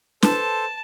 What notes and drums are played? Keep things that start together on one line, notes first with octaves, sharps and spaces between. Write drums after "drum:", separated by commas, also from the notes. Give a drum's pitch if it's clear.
A4 B4 C5 A5, drum: snare